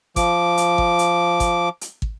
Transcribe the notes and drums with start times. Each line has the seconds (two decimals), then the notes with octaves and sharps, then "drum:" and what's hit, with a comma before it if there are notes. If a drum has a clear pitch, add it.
0.16 F3 D6, drum: kick, hi-hat
0.57 drum: hi-hat
0.78 drum: kick
0.99 drum: hi-hat
1.40 drum: kick, hi-hat
1.81 drum: hi-hat
2.02 drum: kick